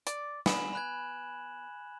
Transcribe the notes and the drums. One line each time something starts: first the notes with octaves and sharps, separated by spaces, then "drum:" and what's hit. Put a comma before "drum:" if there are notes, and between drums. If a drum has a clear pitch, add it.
D5, drum: hi-hat
B3 G#5 E7 F#7, drum: snare
B5 F#6 G#6